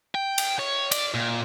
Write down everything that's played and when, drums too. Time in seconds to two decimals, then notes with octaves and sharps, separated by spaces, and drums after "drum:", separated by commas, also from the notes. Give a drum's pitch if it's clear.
0.15 G5
0.38 drum: cymbal
0.59 C#5
0.92 D5, drum: cymbal
1.14 A#2